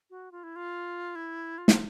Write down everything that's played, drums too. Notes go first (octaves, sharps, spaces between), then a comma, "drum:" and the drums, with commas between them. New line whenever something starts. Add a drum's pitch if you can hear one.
F#4
F4
E4
F4
E4
F4
drum: snare